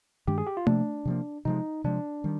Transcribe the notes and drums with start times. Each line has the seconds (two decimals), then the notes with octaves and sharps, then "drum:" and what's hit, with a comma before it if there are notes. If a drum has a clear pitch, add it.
0.27 G2 D#3 G#3 D4 G4
0.38 G#4
0.47 G4
0.57 F4
0.67 C3 F3 A#3 D4, drum: tom A3
1.05 C3 F3 A#3
1.45 C3 F3 G#3 D#4
1.84 C3 F3 G#3 D4
2.24 D#3 G3